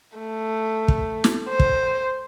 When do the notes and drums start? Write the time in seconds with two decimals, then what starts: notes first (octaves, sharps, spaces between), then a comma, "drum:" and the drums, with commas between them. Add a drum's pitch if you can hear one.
0.17 A3
0.88 drum: kick
1.24 drum: snare
1.50 C5
1.60 drum: kick